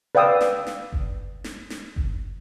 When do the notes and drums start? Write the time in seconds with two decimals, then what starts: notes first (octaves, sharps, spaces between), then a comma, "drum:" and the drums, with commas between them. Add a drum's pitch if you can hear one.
0.15 B4 D5 F5 G5 D#6 E6
0.41 drum: snare
0.67 drum: snare
0.93 drum: kick F#1
1.44 drum: snare
1.70 drum: snare
1.96 drum: kick F#1